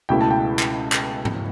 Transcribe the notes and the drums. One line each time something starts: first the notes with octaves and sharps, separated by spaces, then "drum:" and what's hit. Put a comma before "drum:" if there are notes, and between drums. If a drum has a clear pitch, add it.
C#2 B2 A3 E4 G5
A5
G5
drum: clap
drum: clap
drum: tom G#2